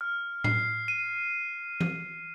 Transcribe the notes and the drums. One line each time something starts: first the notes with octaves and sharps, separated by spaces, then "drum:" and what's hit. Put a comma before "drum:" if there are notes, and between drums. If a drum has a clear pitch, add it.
F6
C7, drum: tom A2
D#7
drum: tom E3